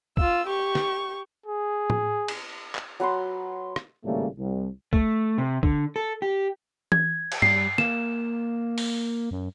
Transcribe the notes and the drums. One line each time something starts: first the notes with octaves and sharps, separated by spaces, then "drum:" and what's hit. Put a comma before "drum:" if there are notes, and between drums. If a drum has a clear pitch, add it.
F4 E6, drum: kick
G4 C#6
drum: snare
G#4
drum: tom A2
drum: cymbal
drum: clap
F#3 B4 B5 C6
drum: rim click
G#1 A2 C#3 G3 A3 A#3
C2
A3, drum: kick
C3
D3, drum: kick
A4
G4
G#6, drum: tom E3
drum: cymbal
G3 C7, drum: tom G2
A#3 E7, drum: snare
drum: open hi-hat
F#2